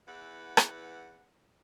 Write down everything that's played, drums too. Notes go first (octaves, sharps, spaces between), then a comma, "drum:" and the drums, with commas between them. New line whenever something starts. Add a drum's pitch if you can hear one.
E2 E3 B4 F#5
drum: rim click